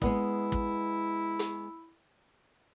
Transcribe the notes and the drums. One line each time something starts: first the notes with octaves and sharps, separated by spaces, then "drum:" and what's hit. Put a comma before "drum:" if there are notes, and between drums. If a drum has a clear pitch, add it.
G#3 B3 E4 D#5, drum: kick
drum: kick
drum: hi-hat